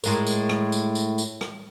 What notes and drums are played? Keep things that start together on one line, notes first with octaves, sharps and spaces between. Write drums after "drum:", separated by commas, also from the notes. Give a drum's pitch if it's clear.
A2 G#3 A#4, drum: tambourine
drum: tambourine
drum: rim click
drum: tambourine
drum: tambourine
drum: tambourine
drum: rim click